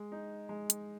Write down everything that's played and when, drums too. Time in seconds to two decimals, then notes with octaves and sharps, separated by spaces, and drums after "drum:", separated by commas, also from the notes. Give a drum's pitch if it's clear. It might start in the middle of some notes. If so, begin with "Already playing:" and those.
Already playing: G#3
0.12 D#4
0.49 G#3
0.70 drum: hi-hat